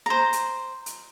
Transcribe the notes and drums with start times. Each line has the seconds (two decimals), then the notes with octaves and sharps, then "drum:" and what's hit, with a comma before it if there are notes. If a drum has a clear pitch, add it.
0.06 C5 A#5
0.33 drum: hi-hat
0.86 drum: hi-hat